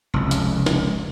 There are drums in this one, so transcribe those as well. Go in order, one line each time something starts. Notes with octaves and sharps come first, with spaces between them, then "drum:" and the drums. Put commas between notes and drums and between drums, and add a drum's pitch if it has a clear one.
F1 C#2
drum: hi-hat
drum: snare